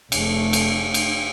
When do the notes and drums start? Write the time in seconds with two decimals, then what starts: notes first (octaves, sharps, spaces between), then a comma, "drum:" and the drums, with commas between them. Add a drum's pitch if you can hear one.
0.12 F1 A3, drum: cymbal
0.53 drum: cymbal
0.94 drum: cymbal